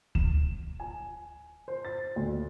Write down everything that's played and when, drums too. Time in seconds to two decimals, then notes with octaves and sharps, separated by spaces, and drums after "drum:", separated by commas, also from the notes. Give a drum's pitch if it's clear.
0.15 E7, drum: kick D2
0.80 G#5
1.68 C5
1.85 A6
2.16 D2